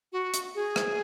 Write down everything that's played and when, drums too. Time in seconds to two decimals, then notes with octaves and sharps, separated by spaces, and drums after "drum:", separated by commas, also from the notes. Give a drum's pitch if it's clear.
0.12 F#4
0.34 drum: hi-hat
0.55 G#4
0.76 drum: rim click